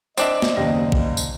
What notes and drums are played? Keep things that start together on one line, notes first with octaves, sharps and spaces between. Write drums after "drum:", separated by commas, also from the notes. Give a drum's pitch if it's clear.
C4 D4 D#5 E5, drum: tambourine
drum: snare
F#1 D#2 A#6
drum: kick
drum: tambourine